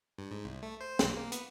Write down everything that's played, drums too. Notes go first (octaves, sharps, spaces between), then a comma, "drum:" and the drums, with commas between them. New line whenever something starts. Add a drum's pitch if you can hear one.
G2
G#2
C2
A3
C5
B1, drum: snare
A#3
B3, drum: hi-hat